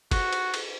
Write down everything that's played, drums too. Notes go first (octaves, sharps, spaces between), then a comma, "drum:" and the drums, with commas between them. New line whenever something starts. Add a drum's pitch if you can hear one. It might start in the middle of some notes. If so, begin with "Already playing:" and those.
F#4, drum: kick, cymbal
drum: cymbal
drum: cymbal